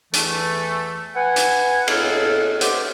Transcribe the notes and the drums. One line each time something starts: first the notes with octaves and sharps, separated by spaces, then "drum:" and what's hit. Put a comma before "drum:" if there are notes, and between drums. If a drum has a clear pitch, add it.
E2 E3 A3, drum: hi-hat
B4 F#5 G#5
drum: hi-hat
A2 D#4 G#4 A4 F5 F6, drum: cymbal
A3 B3 G4 C5 D5, drum: hi-hat